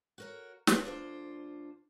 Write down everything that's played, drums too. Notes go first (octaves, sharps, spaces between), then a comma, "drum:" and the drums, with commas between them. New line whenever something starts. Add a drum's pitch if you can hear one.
F#4 A#4 C#5
C4 B4 C#5, drum: snare
D2 D4 F4 C5